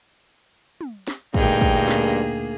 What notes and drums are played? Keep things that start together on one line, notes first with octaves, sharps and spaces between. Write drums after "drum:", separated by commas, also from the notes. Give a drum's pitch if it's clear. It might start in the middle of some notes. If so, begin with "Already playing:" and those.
drum: tom
drum: snare
D2 G2 A#2 A#3 D#4 G#4 G5, drum: kick
drum: kick
drum: snare